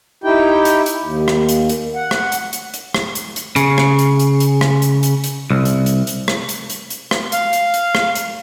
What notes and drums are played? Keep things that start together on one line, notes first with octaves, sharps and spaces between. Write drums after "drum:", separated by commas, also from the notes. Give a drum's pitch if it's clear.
D#4 E4 G4 G5
drum: hi-hat
drum: hi-hat
D#2
drum: rim click
drum: hi-hat
drum: hi-hat
F#5
drum: rim click
drum: hi-hat
drum: hi-hat
drum: hi-hat
drum: rim click
drum: hi-hat
drum: hi-hat
C#3, drum: hi-hat
drum: rim click
drum: hi-hat
drum: hi-hat
drum: hi-hat
drum: rim click
drum: hi-hat
drum: hi-hat
drum: hi-hat
C2
drum: hi-hat
drum: hi-hat
drum: hi-hat
drum: rim click
drum: hi-hat
drum: hi-hat
drum: hi-hat
drum: rim click
F5, drum: hi-hat
drum: hi-hat
drum: hi-hat
drum: rim click
drum: hi-hat